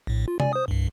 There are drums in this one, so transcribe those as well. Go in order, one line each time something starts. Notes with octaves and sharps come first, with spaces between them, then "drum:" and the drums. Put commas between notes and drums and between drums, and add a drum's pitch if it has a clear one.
A#1 A2
F4
D5 G#5, drum: tom C3
C5 D#6
C2 G2